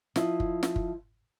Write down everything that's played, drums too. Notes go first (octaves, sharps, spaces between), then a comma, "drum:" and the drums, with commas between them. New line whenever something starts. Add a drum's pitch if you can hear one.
F3 E4 D#5, drum: snare
drum: kick
drum: snare
drum: kick